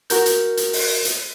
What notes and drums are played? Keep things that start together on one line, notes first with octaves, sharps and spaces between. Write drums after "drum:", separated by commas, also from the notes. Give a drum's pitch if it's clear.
F#4 A#4 G6, drum: hi-hat
drum: hi-hat
drum: hi-hat
drum: open hi-hat
drum: hi-hat